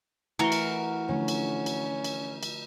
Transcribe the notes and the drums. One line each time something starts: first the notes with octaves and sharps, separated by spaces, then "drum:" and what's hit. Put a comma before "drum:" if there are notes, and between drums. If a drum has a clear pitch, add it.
E3 A3 F#4 A#4 C6
drum: cymbal
D3 F3 A3 C#4
drum: cymbal
drum: cymbal
drum: cymbal
drum: cymbal